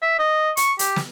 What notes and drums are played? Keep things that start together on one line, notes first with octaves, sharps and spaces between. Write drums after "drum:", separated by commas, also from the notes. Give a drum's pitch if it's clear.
E5
D#5
C#6, drum: hi-hat
G4, drum: hi-hat
drum: snare